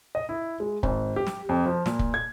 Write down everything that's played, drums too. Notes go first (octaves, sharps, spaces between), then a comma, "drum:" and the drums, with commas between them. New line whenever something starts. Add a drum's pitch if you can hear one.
D#5
E4
G#3
G#1, drum: kick
G4
drum: snare
F2
F3
A#2, drum: snare
drum: kick
G#6